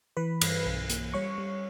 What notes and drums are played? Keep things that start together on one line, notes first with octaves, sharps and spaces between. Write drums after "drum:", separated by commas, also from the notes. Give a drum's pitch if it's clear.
E3 B4 B5
G2, drum: cymbal
B1
A#3, drum: hi-hat
G3 C#5 C#6
G3